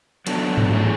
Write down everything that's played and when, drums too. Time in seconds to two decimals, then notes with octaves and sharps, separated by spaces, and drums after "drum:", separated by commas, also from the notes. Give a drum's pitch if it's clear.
0.27 F#3 B3 D4 F#4 A4, drum: hi-hat
0.57 drum: tom G#2
0.72 E3 A3 C#4 G#4